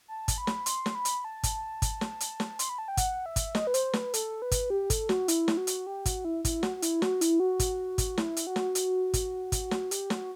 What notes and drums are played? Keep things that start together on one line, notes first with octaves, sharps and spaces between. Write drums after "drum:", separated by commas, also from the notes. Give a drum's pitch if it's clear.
A5
drum: kick, hi-hat
B5
drum: snare
C6, drum: hi-hat
drum: snare
B5
drum: hi-hat
A5
drum: kick, hi-hat
drum: kick, hi-hat
drum: snare
drum: hi-hat
drum: snare
C6, drum: hi-hat
B5
A5
G5
F#5, drum: kick, hi-hat
E5
drum: kick, hi-hat
D#5, drum: snare
B4
C5, drum: hi-hat
B4, drum: snare
A4, drum: hi-hat
B4
drum: kick, hi-hat
G4
A4, drum: kick, hi-hat
F#4, drum: snare
E4, drum: hi-hat
drum: snare
F#4
drum: hi-hat
G4
F#4, drum: kick, hi-hat
E4
E4, drum: kick, hi-hat
F#4, drum: snare
F#4
E4, drum: hi-hat
F#4, drum: snare
E4, drum: hi-hat
F#4
drum: kick, hi-hat
drum: kick, hi-hat
E4, drum: snare
drum: hi-hat
F#4
drum: snare
drum: hi-hat
drum: kick, hi-hat
drum: kick, hi-hat
drum: snare
G4, drum: hi-hat
F#4, drum: snare